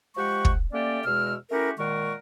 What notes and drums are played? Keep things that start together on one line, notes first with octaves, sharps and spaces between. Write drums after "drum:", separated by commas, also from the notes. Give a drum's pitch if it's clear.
F3 G#3 G4 F#5 G5 C#6
drum: kick
A3 A#3 C#4 G4 D5
E2 B2 G#3 E6 F6
A3 C#4 E4 F#4 G4 A#4
A#2 D#3 G#3 A#4 F#5 C#6